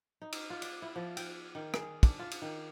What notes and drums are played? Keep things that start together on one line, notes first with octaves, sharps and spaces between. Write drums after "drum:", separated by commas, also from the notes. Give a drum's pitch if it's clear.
D#4
drum: cymbal
F4
D5, drum: cymbal
E4
F3
G5, drum: cymbal
D#3
G#4, drum: rim click
D4, drum: kick, cymbal
F4
drum: cymbal
D#3